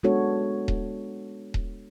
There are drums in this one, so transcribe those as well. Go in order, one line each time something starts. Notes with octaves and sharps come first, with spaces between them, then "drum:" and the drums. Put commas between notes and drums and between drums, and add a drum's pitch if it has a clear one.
G#3 B3 D4 F#4 A4 C#5
drum: kick D#1
drum: kick D#1